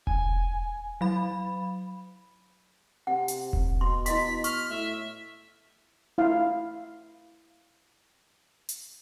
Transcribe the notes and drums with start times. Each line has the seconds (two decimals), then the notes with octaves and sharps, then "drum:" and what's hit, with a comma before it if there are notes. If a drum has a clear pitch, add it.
0.07 G#5, drum: kick E1
1.01 F#3 B5
3.07 C3 F#5
3.28 drum: hi-hat
3.53 drum: kick E1
3.81 B2 C6
4.06 E4 D#5 C6 B6, drum: hi-hat
4.44 C#6 F6, drum: hi-hat
4.70 A2 E5
6.18 E4 F5
8.69 drum: hi-hat